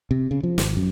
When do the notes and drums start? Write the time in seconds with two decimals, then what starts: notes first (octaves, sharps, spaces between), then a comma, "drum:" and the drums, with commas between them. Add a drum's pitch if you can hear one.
0.11 C3
0.31 C#3
0.43 F3
0.58 G#1, drum: snare
0.77 F#2